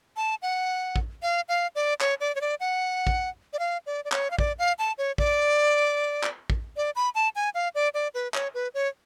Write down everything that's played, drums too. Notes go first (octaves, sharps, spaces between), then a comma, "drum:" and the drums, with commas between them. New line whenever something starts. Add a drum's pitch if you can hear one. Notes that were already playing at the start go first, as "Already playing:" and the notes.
A5
F#5
drum: kick
F5
F5
D5
C#5, drum: clap
D5
C#5
D5
F#5
drum: kick
D5
F5
D5
D5
C#5, drum: clap
F5
D5, drum: kick
F5
A5
C#5
D5, drum: kick
drum: clap
drum: kick
D5
B5
A5
G#5
F5
D5
D5
B4
C#5, drum: clap
B4
C#5